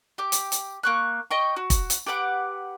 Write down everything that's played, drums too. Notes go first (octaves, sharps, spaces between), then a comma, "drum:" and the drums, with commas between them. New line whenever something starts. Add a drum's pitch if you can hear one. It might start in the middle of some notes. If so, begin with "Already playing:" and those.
G4 D6
drum: hi-hat
drum: hi-hat
A#3 C#6 F#6
D#5 G5 C#6
F#4
drum: kick, hi-hat
drum: hi-hat
G4 B4 F#5 D6